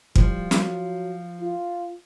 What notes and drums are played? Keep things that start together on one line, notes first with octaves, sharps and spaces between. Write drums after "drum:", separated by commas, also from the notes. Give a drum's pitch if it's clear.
F3 G3, drum: kick
F#3, drum: snare
F4